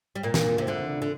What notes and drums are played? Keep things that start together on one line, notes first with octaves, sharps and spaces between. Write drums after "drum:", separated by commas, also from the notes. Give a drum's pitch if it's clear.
G3
A#2 A#3
drum: snare
C3
D2 D3
D3